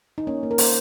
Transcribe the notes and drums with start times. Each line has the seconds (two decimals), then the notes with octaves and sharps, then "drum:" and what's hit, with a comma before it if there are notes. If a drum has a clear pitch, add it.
0.18 D#4
0.27 A#3 C#4
0.43 A#3
0.51 A#4
0.58 A#3 C5, drum: open hi-hat